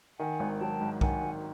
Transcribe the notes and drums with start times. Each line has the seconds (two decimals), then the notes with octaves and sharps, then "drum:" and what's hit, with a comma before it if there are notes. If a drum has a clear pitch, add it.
0.19 D#3 F#5 G#5
0.40 G#1
0.61 F#3 G5 A5
0.80 G#2
1.01 D#3 F#5 G#5, drum: kick B1
1.22 G#1